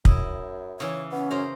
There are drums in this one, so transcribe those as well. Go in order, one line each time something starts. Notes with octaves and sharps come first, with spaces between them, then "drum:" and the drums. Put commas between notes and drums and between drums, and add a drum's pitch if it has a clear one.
F#2 E4 D#5, drum: kick
C#3 E3 C#5
B3 C#4
F#2 C#3 C5 A#5